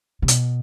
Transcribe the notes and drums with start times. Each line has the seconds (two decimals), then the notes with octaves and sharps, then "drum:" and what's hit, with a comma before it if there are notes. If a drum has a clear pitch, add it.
0.22 C3
0.28 B2, drum: hi-hat